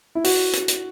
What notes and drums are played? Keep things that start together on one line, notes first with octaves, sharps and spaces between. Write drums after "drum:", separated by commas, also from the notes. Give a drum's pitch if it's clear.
E4
F#4, drum: open hi-hat
drum: hi-hat
drum: hi-hat